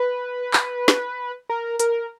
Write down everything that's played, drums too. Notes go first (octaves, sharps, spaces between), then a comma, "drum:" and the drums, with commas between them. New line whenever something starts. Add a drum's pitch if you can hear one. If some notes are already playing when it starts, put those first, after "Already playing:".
Already playing: B4
drum: clap
drum: snare
A#4
A#4, drum: hi-hat